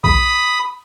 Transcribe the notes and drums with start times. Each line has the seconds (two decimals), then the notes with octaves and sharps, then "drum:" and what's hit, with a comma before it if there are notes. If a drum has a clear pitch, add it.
0.04 B5 D#6, drum: kick A#1